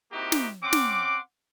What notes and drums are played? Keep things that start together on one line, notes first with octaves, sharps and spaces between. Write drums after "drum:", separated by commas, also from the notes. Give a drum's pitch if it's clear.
A#3 C4 D#4 E4 F#4 G4
drum: snare
C4 C#4 F#5 C6 D6
drum: snare